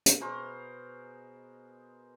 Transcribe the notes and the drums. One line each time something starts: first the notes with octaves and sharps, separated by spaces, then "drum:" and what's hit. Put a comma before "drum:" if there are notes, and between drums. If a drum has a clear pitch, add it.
drum: hi-hat
B2 G#4 A#4 C5